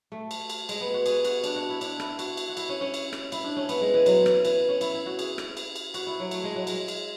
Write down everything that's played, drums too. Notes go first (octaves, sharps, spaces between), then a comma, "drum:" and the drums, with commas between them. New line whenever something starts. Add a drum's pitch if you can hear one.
A3
drum: cymbal
drum: cymbal
G#3, drum: cymbal
B3
F#4
G#4, drum: cymbal
F#4, drum: cymbal
D4, drum: cymbal
F#4
E4
D4, drum: cymbal
E4, drum: rim click
F#4, drum: cymbal
drum: cymbal
F#4
E4, drum: cymbal
C#4
C#4
drum: cymbal
drum: rim click
E4, drum: cymbal
D4
C#4
B3, drum: cymbal
G#3
E3
F#3, drum: cymbal
E3, drum: rim click
E3, drum: cymbal
C#4
E4, drum: cymbal
E4
F#4
G#4, drum: cymbal
drum: rim click
drum: cymbal
drum: cymbal
F#4, drum: cymbal
E4
F#3
A3, drum: cymbal
G#3
F#3
G#3, drum: cymbal
drum: cymbal